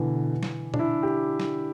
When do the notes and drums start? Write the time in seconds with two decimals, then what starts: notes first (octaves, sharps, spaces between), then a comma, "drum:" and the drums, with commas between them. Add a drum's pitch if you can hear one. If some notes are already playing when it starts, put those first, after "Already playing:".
Already playing: B2 D3 E3
0.43 drum: snare
0.74 D4, drum: tom
0.79 E4
1.03 G4
1.40 drum: snare